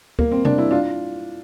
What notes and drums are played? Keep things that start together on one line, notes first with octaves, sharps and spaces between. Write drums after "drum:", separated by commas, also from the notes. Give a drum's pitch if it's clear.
A#3, drum: kick
C4
D4, drum: tom C3
E4
D4 F4